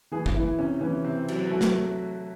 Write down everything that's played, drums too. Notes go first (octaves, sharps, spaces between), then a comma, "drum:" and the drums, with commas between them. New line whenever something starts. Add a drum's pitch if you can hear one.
E3 G#4
drum: kick
E3 E4
C3 C#4
E3 C#4
C3 C4
F#3, drum: cymbal
F#3 A3
drum: snare